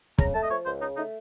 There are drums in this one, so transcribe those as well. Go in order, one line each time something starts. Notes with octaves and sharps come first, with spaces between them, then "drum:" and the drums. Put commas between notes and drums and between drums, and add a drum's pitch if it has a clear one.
C#3 A#5, drum: kick
A3 A5
D#5
F3 C#5
C#2 C5
C#3 D#4
A3 D#4